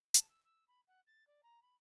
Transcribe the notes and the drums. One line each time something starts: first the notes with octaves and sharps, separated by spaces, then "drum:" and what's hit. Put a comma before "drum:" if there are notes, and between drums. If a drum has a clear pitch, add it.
A5, drum: hi-hat
E6
E6
B5
F#5
A6
D5
A#5
B5